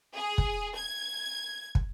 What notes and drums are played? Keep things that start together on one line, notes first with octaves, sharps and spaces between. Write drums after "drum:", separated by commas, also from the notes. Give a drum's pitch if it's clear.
G#4
drum: kick
G#6
drum: kick